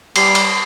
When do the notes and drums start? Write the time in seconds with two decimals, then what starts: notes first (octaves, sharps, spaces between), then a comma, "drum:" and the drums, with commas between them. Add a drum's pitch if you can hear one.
0.16 G3 C7, drum: cymbal
0.35 drum: cymbal